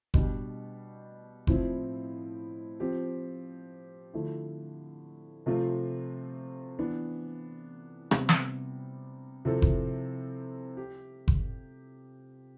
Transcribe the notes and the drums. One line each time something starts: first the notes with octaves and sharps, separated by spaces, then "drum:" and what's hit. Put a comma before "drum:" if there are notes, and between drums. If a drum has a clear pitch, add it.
B2 G3 D4 G4, drum: kick F#1
A2 F3 C4 E4, drum: kick F#1
F3 C4 G4
D3 F3 A3 E4
C3 F3 A3 C4 F4
E3 B3 D4
C3 G3 B3, drum: rim click
drum: snare
C3 F3 C4 E4 A4
drum: kick F#1
G4
drum: kick F#1